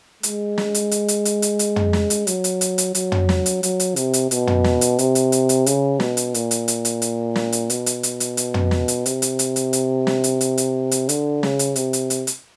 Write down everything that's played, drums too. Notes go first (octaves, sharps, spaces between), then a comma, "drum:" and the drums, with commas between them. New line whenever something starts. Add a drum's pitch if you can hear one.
G#3, drum: hi-hat
drum: snare
drum: hi-hat
drum: hi-hat
drum: hi-hat
drum: hi-hat
drum: hi-hat
drum: hi-hat
drum: tom
drum: snare
drum: hi-hat
F#3, drum: hi-hat
drum: hi-hat
drum: hi-hat
drum: hi-hat
F#3, drum: hi-hat
drum: tom
drum: snare
drum: hi-hat
F#3, drum: hi-hat
drum: hi-hat
C3, drum: hi-hat
drum: hi-hat
B2, drum: hi-hat
drum: tom
drum: snare
drum: hi-hat
C3, drum: hi-hat
drum: hi-hat
drum: hi-hat
drum: hi-hat
C#3, drum: hi-hat
B2, drum: snare
drum: hi-hat
A#2, drum: hi-hat
drum: hi-hat
drum: hi-hat
drum: hi-hat
drum: hi-hat
drum: snare
drum: hi-hat
B2, drum: hi-hat
drum: hi-hat
drum: hi-hat
drum: hi-hat
drum: hi-hat
drum: tom
drum: snare
drum: hi-hat
C3, drum: hi-hat
drum: hi-hat
drum: hi-hat
drum: hi-hat
drum: hi-hat
drum: snare
drum: hi-hat
drum: hi-hat
drum: hi-hat
drum: hi-hat
D3, drum: hi-hat
C#3, drum: snare
drum: hi-hat
C3, drum: hi-hat
drum: hi-hat
drum: hi-hat
drum: hi-hat